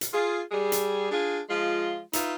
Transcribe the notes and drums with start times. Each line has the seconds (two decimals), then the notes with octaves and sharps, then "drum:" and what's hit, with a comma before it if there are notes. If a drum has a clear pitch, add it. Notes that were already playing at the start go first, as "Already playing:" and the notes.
0.01 drum: hi-hat
0.13 F4 G#4
0.51 G3 G#4
0.72 drum: hi-hat
1.11 D4 F4 G#4
1.49 F3 G#3 F4
2.13 D#4 F4 B4 E5, drum: hi-hat